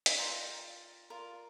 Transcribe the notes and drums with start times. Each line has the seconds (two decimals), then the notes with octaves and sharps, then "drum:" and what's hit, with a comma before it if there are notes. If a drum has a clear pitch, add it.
0.06 drum: hi-hat
0.18 F4 A#4 D5 G5 A#5
1.10 F4 A#4 D5